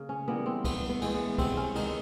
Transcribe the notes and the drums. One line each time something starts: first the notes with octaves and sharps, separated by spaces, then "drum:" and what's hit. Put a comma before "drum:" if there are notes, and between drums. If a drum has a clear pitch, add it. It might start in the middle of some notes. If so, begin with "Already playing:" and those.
Already playing: C#3 A#3
C#4
E3 G3 A#3 B3
C4
G2 B3, drum: kick C#2, cymbal
B3
E3 G#3 B3, drum: cymbal
B3
C3 C4, drum: kick C#2, cymbal
C#4
D#3 G#3 B3 D#4, drum: cymbal